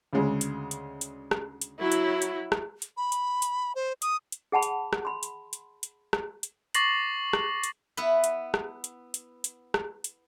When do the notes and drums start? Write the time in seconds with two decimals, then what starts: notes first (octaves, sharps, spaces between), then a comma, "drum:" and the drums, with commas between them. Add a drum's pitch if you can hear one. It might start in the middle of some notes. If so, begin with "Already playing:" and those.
0.13 D2 C#3 G#3
0.41 drum: hi-hat
0.71 drum: hi-hat
1.01 drum: hi-hat
1.31 drum: rim click
1.61 drum: hi-hat
1.80 F#3 E4
1.92 drum: hi-hat
2.22 drum: hi-hat
2.52 drum: rim click
2.82 drum: hi-hat
2.97 B5
3.12 drum: hi-hat
3.42 drum: hi-hat
3.75 C5
4.02 D#6, drum: hi-hat
4.32 drum: hi-hat
4.52 G#4 F#5 A5 B5
4.62 drum: hi-hat
4.93 drum: rim click
5.05 B5 C6
5.23 drum: hi-hat
5.53 drum: hi-hat
5.83 drum: hi-hat
6.13 drum: rim click
6.43 drum: hi-hat
6.74 C#6 D6 A6 A#6 C7 F#7, drum: hi-hat
7.33 drum: rim click
7.63 drum: hi-hat
7.97 B3 E4 B4
8.24 drum: hi-hat
8.54 drum: rim click
8.84 drum: hi-hat
9.14 drum: hi-hat
9.44 drum: hi-hat
9.74 drum: rim click
10.04 drum: hi-hat